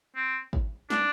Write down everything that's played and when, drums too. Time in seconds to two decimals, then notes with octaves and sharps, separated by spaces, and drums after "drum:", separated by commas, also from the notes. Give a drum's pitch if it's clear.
0.16 C4
0.53 drum: kick
0.90 D4, drum: snare